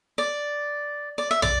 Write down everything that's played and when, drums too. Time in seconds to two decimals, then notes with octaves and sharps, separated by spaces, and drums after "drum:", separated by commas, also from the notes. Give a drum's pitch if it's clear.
0.18 D5
1.18 D5
1.31 E5
1.42 D5, drum: tom